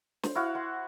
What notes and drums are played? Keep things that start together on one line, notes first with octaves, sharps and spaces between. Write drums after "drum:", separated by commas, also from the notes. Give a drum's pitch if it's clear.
C5, drum: snare
E4 F#4 F5 F#5
F#5 C6